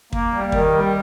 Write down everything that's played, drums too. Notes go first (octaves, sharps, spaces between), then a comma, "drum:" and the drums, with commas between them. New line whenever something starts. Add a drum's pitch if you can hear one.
A#3, drum: kick
G3
D#3, drum: kick
G3